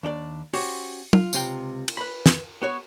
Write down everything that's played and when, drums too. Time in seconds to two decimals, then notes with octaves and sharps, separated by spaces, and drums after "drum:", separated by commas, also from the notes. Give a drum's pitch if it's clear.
0.03 D#2 D4 A4 D5
0.53 C#4 F#4 G4 C5, drum: open hi-hat
1.13 F4, drum: tom
1.33 C#2 C3 F4 G5, drum: tambourine
1.88 drum: cymbal
1.97 B4 B5
2.26 drum: snare
2.62 B3 F#4 C#5